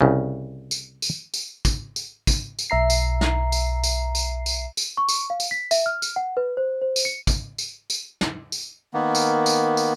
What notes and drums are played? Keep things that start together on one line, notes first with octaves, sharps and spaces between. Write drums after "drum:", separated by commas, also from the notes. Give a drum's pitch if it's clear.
C2 C#3
drum: tambourine
drum: tambourine
drum: tambourine
drum: kick, tambourine
drum: tambourine
drum: kick, tambourine
drum: tambourine
B1 E5 A#5 C7
drum: tambourine
drum: snare
drum: tambourine
drum: tambourine
drum: tambourine
drum: tambourine
drum: tambourine
C#6
drum: tambourine
F5
drum: tambourine
B6
E5, drum: tambourine
F6
drum: tambourine
F#5
B4
C5
C5
drum: tambourine
C#7
drum: kick, tambourine
drum: tambourine
drum: tambourine
drum: snare
drum: tambourine
D#3 A#3 B3
drum: tambourine
drum: tambourine
drum: tambourine